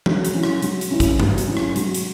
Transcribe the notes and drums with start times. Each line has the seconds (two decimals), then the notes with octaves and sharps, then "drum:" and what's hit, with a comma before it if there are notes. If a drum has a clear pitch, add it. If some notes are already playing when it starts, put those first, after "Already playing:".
0.06 F#3, drum: tom E3
0.25 drum: hi-hat
0.34 C#4 E4
0.43 drum: rim click
0.62 F#3, drum: hi-hat
0.81 drum: hi-hat
0.91 C#4 E4
1.00 drum: kick, hi-hat
1.20 F#3, drum: tom G2
1.38 drum: hi-hat
1.48 C#4 E4
1.57 drum: rim click
1.76 F#3, drum: hi-hat
1.94 drum: hi-hat